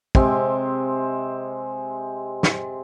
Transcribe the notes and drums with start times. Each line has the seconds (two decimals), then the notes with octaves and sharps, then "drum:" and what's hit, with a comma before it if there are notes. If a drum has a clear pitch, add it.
0.15 C3 G#3 C4, drum: kick
2.43 drum: snare